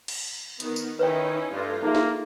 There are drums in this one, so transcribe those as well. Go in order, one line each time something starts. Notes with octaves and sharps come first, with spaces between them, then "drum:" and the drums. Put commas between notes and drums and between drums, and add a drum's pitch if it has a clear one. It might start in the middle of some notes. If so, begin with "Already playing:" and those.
drum: cymbal
D#3 B3, drum: hi-hat
drum: tambourine
D#3 C#4 D#4 E4 B4 C#5 G5
G2 A3 F4
A#3 D#4 G#4 E5
drum: snare